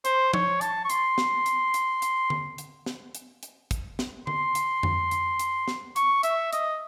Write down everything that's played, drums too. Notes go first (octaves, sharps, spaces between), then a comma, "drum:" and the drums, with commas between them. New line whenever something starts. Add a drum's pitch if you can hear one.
C5, drum: hi-hat
C#5, drum: tom F3
A5, drum: hi-hat
C#6
C6, drum: hi-hat
drum: snare
drum: hi-hat
drum: hi-hat
drum: hi-hat
drum: tom D3
drum: hi-hat
drum: snare
drum: hi-hat
drum: hi-hat
drum: kick, hi-hat
drum: snare
C6, drum: tom D3
drum: hi-hat
drum: tom F2
drum: hi-hat
drum: hi-hat
drum: snare
C#6, drum: hi-hat
E5, drum: hi-hat
D#5, drum: hi-hat